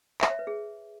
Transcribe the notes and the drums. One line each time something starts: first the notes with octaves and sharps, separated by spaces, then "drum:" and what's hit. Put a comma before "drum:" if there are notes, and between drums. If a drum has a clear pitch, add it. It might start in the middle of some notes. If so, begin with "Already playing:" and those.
E5, drum: clap
C#5
B4
G#4